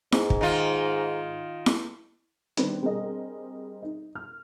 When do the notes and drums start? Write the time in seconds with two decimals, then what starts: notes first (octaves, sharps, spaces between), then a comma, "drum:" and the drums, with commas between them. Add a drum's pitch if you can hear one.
0.12 G#2, drum: snare E4
0.30 drum: kick
0.41 D#3 F4
1.66 drum: snare E4
2.57 D#3 G3 B3 C4 D4 B4, drum: hi-hat
2.82 G3 C4 D4 G#4 A#4 D#5
3.83 D#4
4.15 F6